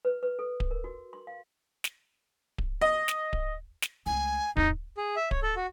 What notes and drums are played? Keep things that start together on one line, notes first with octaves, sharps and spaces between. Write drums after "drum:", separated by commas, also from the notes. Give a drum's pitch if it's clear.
B4
B4
A4
drum: kick D1
A#4
F#4
C6
F5
drum: snare
drum: kick D1
D#5
drum: snare
drum: kick D1
drum: snare
C#2 A3 G#5
E2 G#2 D#4, drum: kick D1
G#4
E5
C#5, drum: kick D1
A4
F#4